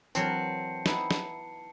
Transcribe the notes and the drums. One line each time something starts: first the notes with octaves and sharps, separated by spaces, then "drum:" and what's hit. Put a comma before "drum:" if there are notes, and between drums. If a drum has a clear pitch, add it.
E3 F#3 C4 A#4 A5 C7 C#7, drum: tambourine
B3 D#4 E4, drum: snare
drum: snare